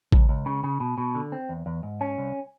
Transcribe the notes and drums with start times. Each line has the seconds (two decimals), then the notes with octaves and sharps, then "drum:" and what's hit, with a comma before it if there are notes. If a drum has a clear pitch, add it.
0.12 C#2, drum: kick A1
0.29 C#2
0.46 C#3
0.64 C#3
0.80 B2
0.98 B2
1.15 D3
1.32 C4
1.49 E2
1.66 E2
1.83 G#2
2.01 C#4
2.18 C2